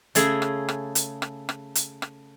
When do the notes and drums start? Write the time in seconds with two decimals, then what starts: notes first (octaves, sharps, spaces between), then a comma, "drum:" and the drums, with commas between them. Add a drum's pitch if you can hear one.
0.15 C#3 A3 G#4, drum: hi-hat
0.42 drum: rim click
0.69 drum: rim click
0.95 drum: hi-hat
1.22 drum: rim click
1.49 drum: rim click
1.75 drum: hi-hat
2.02 drum: rim click